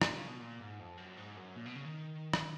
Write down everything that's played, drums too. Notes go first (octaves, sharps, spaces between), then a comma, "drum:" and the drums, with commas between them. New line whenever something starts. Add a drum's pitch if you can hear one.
A#2, drum: rim click
C#3
B2
A#2
G#2
F2
F#2
G#2
F#2
A#2
B2
C#3
D#3
drum: rim click